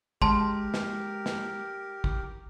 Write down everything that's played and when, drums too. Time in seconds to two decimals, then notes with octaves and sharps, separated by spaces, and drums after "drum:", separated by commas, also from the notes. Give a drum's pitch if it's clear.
0.22 G#3 G4 A#4 A5 C6, drum: kick
0.74 drum: snare
1.26 drum: snare
2.04 drum: kick